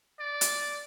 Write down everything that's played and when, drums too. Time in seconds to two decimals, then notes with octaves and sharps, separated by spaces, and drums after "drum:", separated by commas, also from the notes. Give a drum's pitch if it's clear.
0.20 D5
0.41 drum: hi-hat